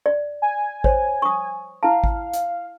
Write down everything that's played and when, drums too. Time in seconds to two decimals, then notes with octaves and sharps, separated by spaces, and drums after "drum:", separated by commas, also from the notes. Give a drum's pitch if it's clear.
0.06 D5
0.42 G#5
0.84 C5 C#5, drum: kick G#1
1.22 C#6 D#6
1.83 E4 F5 A5
2.04 drum: kick G#1
2.33 drum: hi-hat